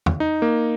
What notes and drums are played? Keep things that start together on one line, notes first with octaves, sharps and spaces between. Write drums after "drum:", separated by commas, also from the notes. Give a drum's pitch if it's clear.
drum: tom E2
D#4
A#3